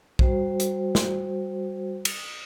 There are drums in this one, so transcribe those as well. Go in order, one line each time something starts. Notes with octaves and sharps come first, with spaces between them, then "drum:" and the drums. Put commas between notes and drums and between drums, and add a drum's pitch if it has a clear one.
G3 F#4 C5, drum: kick
drum: hi-hat
drum: snare
drum: cymbal